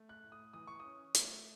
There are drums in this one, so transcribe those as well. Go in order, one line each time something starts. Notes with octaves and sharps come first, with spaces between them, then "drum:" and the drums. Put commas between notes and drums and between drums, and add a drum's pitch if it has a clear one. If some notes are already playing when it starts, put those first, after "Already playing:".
Already playing: A3
F#6
A2
D#6
E3 D#6
C#6
C#4 D#6
A3, drum: hi-hat